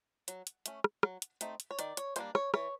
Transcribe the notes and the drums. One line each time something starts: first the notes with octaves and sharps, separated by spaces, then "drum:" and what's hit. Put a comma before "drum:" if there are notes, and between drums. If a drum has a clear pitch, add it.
F#3, drum: hi-hat
drum: hi-hat
A3 C#4, drum: hi-hat
drum: rim click
F#3, drum: rim click
drum: hi-hat
A3 C4 D#4, drum: hi-hat
drum: hi-hat
C#5
D#3 D5, drum: hi-hat
C#5, drum: hi-hat
G3 A#3 D4 C5, drum: hi-hat
C#5, drum: rim click
E3 C#5, drum: rim click